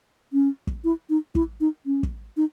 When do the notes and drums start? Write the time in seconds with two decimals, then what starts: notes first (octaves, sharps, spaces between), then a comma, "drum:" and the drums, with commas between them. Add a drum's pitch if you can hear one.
0.33 C#4
0.67 drum: kick
0.84 E4
1.10 D#4
1.35 E4, drum: kick
1.61 D#4
1.86 C#4
2.03 drum: kick
2.37 D#4